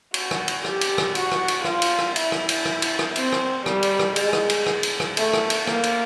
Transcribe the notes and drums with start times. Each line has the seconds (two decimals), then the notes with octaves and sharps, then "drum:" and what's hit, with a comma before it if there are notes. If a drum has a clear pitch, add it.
0.14 F#4, drum: cymbal
0.31 drum: rim click
0.48 drum: cymbal
0.65 G4, drum: rim click
0.81 drum: cymbal
0.98 drum: rim click
1.15 F#4, drum: cymbal
1.32 drum: rim click
1.48 drum: cymbal
1.64 F4, drum: rim click
1.82 drum: cymbal
1.98 drum: rim click
2.16 E4, drum: cymbal
2.32 drum: rim click
2.49 drum: cymbal
2.65 drum: rim click
2.82 drum: cymbal
2.99 drum: rim click
3.16 C4, drum: cymbal
3.32 drum: rim click
3.66 G3, drum: rim click
3.83 drum: cymbal
3.99 drum: rim click
4.16 G#3, drum: cymbal
4.33 drum: rim click
4.50 drum: cymbal
4.66 drum: rim click
4.83 drum: cymbal
5.00 drum: rim click
5.17 A3, drum: cymbal
5.33 drum: rim click
5.50 drum: cymbal
5.67 A#3, drum: rim click
5.84 drum: cymbal